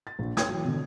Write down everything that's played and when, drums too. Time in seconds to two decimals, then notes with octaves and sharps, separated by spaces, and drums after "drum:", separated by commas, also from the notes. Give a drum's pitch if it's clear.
0.07 A6
0.19 A#1
0.37 C#5 G5 D#6 G#6, drum: snare
0.48 E3 F#3
0.64 B2 D3